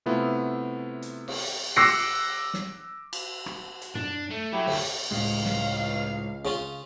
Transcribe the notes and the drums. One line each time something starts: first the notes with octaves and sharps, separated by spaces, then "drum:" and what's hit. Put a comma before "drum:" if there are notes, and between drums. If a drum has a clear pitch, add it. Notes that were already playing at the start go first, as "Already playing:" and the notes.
C3 A3 B3 E4 F4
drum: hi-hat
drum: cymbal
D6 E6 F#6 A#6 C7 C#7
drum: snare
drum: cymbal
drum: rim click
drum: hi-hat
D4, drum: tom F#2
A3
F#3 A3 E4 G4
D2, drum: cymbal
C#2 A2 G#3 F5
drum: snare
C#3 C#4 F4